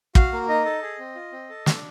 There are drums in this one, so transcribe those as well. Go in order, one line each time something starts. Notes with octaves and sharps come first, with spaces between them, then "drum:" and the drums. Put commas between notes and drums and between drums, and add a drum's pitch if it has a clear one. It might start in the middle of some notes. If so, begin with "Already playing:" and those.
F#4 F5, drum: kick
A#3
D#4 D#5
A4
G#4
C4
F4
C4
A4
D4, drum: snare